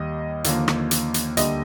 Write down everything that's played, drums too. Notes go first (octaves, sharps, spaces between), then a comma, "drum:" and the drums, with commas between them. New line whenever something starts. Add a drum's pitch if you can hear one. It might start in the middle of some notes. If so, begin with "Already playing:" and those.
Already playing: D#2 D#3 G3 A#3 D#5
D#2 D3 F3 A#3, drum: hi-hat
drum: rim click
drum: hi-hat
drum: hi-hat
D2 D3 G3 A#3 D#5, drum: hi-hat